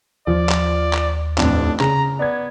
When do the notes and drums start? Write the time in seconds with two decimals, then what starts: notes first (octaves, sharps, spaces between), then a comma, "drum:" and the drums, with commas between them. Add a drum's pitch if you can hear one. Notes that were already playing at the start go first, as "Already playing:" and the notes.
0.27 D#2 F3 D5
0.49 drum: clap
0.93 drum: clap
1.38 A1 F2 D4, drum: clap
1.80 C#3 A#5, drum: clap
2.19 B3 D5 G#6